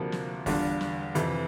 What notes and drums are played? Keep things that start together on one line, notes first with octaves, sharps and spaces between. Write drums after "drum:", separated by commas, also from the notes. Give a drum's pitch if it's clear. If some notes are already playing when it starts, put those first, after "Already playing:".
Already playing: D2 C3 F3 A#3 D4
drum: snare
E2 D3 G3 D4 F4, drum: kick, open hi-hat
drum: snare
F2 C3 E3, drum: hi-hat